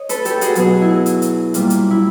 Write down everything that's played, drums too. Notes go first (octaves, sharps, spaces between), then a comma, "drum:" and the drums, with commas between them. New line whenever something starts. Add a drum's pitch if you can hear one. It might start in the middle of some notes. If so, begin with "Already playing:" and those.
Already playing: C#5 D#5
A4 B4, drum: hi-hat
G4 A4, drum: hi-hat
A4
F#4 G#4, drum: hi-hat
B2 F#3 B3 F#4 G#4, drum: hi-hat
E4
drum: hi-hat
drum: hi-hat
A#2 G3 A#3, drum: hi-hat
drum: hi-hat
E4